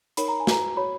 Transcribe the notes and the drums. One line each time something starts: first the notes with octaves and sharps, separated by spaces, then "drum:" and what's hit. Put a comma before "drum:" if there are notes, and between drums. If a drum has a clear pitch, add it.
D#4 A#4 C#5 B5, drum: hi-hat
A#5
G#5
F#4 B4 A#5, drum: snare
F#4 C#5 B5